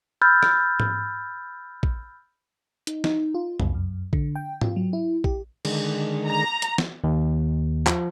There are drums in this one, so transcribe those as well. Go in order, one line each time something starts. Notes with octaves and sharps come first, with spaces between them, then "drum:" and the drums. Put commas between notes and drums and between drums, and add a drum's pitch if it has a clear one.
B5 E6 F6 G6 A6
drum: rim click
drum: tom G#2
drum: kick
D#4, drum: hi-hat
D#4, drum: snare
F4
C2, drum: tom F2
F#2
D3, drum: kick
G5
F4, drum: tom G#2
F#3
E4
G4, drum: kick
D3 D#3 G#3, drum: cymbal
A#5
drum: hi-hat
drum: snare
D#2
F3, drum: clap